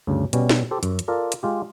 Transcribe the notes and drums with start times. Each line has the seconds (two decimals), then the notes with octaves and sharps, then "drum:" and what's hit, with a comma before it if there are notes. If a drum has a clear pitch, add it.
0.07 D2 G2 C#3
0.33 B2 G3 C#4, drum: hi-hat
0.49 drum: snare
0.71 G4 A4 C5
0.83 F#2, drum: hi-hat
0.99 drum: hi-hat
1.08 F4 A4 A#4 D5
1.32 drum: hi-hat
1.43 G#3 F4 G4